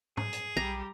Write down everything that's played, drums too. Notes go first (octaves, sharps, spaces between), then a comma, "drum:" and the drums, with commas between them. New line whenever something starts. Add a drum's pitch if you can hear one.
G#4, drum: tom
drum: hi-hat
B1 G3 G4 A#5